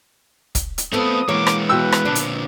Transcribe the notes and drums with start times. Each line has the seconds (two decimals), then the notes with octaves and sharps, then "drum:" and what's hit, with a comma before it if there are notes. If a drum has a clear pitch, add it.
0.55 drum: kick, hi-hat
0.78 drum: hi-hat
0.93 A3 B3 C4 A4 D#6
1.29 E3 G#3 A#3 C#5 D6
1.47 drum: rim click
1.69 B2 B4 G5 E6
1.92 drum: rim click
2.05 A#2 D3 D4
2.15 drum: hi-hat